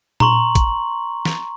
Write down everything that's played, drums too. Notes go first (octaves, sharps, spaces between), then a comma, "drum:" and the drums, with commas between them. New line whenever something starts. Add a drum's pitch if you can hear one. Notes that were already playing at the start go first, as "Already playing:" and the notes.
A#5 C6 C#6 F#7, drum: tom A#2
drum: kick, hi-hat
drum: snare